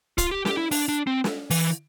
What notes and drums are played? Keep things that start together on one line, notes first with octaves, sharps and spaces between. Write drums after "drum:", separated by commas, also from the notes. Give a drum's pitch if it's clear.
F4, drum: kick, hi-hat
G4
G4, drum: snare
E4
D4, drum: open hi-hat
D4
C4
drum: snare
E3, drum: open hi-hat